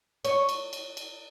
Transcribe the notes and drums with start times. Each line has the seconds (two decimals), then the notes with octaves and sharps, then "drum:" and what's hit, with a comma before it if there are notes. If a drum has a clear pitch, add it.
0.25 C#5, drum: cymbal
0.49 drum: cymbal
0.73 drum: cymbal
0.97 drum: cymbal